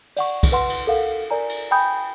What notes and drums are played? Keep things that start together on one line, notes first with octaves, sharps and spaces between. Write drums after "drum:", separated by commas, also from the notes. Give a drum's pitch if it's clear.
D5 F#5 C#6, drum: cymbal
drum: kick C2, cymbal
B4 F#5 C6
drum: cymbal
A4 A#4 F5 F#5
A#4 D5 G#5 A#5
drum: cymbal
G5 G#5 B5 D#6 G6